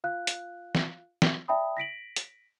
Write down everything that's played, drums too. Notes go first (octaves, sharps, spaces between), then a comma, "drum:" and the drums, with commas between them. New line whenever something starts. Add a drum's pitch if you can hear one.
F4 F5 F#6
drum: hi-hat
drum: snare
drum: snare
D5 E5 G5 A5 B5 D#6
A#6 B6 D7 F#7
drum: hi-hat